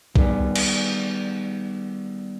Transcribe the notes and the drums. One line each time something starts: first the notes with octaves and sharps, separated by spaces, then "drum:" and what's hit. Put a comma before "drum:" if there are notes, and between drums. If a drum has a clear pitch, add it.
D#3 G3 B3 G#4, drum: kick
drum: cymbal